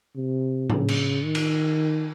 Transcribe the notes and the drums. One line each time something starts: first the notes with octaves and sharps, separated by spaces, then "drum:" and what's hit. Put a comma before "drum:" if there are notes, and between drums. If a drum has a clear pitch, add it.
C3
C#3, drum: tom
drum: cymbal
D#3
drum: cymbal